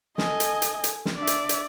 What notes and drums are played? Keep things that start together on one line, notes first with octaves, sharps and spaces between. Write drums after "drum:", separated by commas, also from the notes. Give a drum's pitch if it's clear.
A4 D#5 G#5, drum: snare
drum: hi-hat
drum: hi-hat
drum: hi-hat
drum: snare
D4 D5 E5
drum: hi-hat
drum: hi-hat